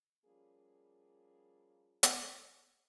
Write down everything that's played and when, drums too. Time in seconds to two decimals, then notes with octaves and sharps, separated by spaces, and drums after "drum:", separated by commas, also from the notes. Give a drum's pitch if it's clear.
0.25 F3 G3 A#3 C#4 F4 G#4
2.03 drum: hi-hat